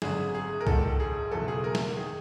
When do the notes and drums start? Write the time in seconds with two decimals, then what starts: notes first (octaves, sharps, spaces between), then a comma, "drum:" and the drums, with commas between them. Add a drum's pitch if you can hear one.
0.02 G#1 F#2 D3 G#4, drum: snare
0.35 G#4
0.60 A#4
0.67 A#1 G#2 D#3 A4, drum: kick C2
1.00 G#4
1.31 F#1 E2 B2 A4
1.48 G#4
1.64 A#4
1.75 drum: snare
1.97 D#3 G#4